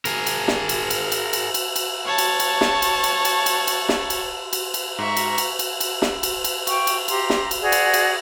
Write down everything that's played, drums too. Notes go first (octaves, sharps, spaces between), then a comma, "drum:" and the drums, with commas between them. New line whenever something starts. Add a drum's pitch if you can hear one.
G#4 A#4, drum: cymbal
drum: cymbal
drum: snare
drum: cymbal
drum: cymbal
drum: cymbal
drum: cymbal
drum: cymbal
drum: cymbal
C#5 A5
drum: cymbal
drum: cymbal
drum: snare
drum: cymbal
drum: cymbal
drum: cymbal
drum: cymbal
drum: cymbal
drum: snare
drum: cymbal
drum: cymbal
drum: cymbal
G#2 E5 A#5 C#6
drum: cymbal
drum: cymbal
drum: cymbal
drum: cymbal
drum: snare
drum: cymbal
drum: cymbal
G5 C#6, drum: cymbal
drum: cymbal
G4 A#5 C6, drum: cymbal
drum: snare
drum: cymbal
F#4 G#4 D5
drum: cymbal
drum: cymbal